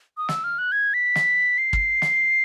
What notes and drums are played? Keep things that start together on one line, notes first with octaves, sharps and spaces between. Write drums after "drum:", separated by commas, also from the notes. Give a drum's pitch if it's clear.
D#6
E6, drum: snare
F6
F#6
G#6
B6
drum: snare
C7
drum: kick
drum: snare